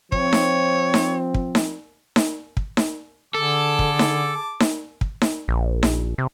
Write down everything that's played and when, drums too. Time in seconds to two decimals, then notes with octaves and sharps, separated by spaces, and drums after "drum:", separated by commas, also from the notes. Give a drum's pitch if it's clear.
0.12 F3 C4 C#5, drum: kick
0.33 drum: snare D#4
0.94 drum: snare D#4
1.34 drum: kick
1.55 drum: snare D#4
2.16 drum: snare D#4
2.57 drum: kick
2.77 drum: snare D#4
3.34 D3 G#4 A4 A5 D6
3.79 drum: kick
3.99 drum: snare D#4
4.60 drum: snare D#4
5.01 drum: kick
5.22 drum: snare D#4
5.48 A#1
5.83 drum: snare D#4
6.18 C3